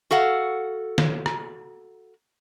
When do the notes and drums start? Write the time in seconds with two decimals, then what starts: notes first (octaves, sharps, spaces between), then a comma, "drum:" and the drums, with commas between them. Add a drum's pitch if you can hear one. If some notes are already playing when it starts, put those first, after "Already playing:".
0.11 F#4 A4 F5 F#5
0.98 drum: snare
1.26 drum: rim click